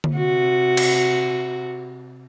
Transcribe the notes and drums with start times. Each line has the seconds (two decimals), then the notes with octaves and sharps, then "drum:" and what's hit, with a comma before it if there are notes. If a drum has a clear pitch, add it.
0.04 drum: tom D3
0.14 C3 F#4
0.77 drum: cymbal